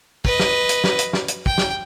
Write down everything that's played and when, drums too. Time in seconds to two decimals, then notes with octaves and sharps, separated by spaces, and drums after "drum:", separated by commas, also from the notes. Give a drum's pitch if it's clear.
0.25 B4 D#5, drum: kick
0.39 drum: snare
0.69 drum: hi-hat
0.84 drum: snare
0.99 drum: hi-hat
1.13 drum: snare
1.28 drum: hi-hat
1.46 G5, drum: kick
1.58 drum: snare